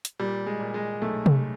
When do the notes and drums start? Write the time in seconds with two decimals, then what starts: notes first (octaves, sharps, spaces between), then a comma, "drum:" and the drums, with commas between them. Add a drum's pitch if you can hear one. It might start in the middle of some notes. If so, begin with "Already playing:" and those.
0.05 drum: hi-hat
0.20 A#2 G3
0.46 G#3
0.61 A#2
0.74 G#3
1.01 B1 A3
1.26 drum: tom C3